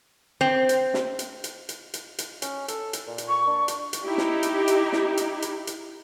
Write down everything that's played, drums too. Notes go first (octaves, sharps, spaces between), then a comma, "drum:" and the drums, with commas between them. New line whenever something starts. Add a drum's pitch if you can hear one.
C4
drum: hi-hat
drum: snare
drum: hi-hat
drum: hi-hat
drum: hi-hat
drum: hi-hat
drum: hi-hat
C#4, drum: hi-hat
A4, drum: hi-hat
drum: hi-hat
A#2
drum: hi-hat
C#6
D4
drum: hi-hat
drum: hi-hat
D#4 E4 G4
drum: snare
drum: hi-hat
drum: hi-hat
drum: snare
drum: hi-hat
drum: hi-hat
drum: hi-hat